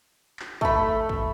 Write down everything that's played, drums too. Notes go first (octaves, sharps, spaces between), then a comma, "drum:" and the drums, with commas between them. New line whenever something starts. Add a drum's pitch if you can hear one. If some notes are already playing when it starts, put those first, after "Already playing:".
drum: clap
A3 B5, drum: kick
drum: kick